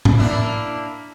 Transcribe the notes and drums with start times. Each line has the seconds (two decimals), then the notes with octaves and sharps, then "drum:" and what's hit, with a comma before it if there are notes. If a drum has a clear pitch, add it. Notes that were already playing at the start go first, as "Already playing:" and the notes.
0.05 drum: tom A2
0.18 A#3 D4 E4